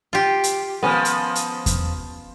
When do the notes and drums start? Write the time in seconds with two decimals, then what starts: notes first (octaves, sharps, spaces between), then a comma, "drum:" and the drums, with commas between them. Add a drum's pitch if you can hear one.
0.13 F4 G4
0.44 drum: hi-hat
0.83 D#3 F3 B3 C#4
1.05 drum: hi-hat
1.35 drum: hi-hat
1.66 drum: kick E2, hi-hat